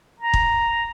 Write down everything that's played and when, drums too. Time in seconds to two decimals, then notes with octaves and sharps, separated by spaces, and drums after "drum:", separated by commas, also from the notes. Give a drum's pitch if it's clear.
0.20 A#5
0.34 drum: kick